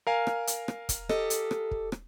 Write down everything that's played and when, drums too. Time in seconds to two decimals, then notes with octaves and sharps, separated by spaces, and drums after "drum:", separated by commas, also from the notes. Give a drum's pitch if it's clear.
0.07 A#4 F5 G#5
0.27 drum: rim click
0.47 drum: hi-hat
0.68 drum: rim click
0.89 drum: kick, hi-hat
1.09 G4 A4 D#5, drum: rim click
1.30 drum: hi-hat
1.51 drum: rim click
1.71 drum: kick
1.92 drum: rim click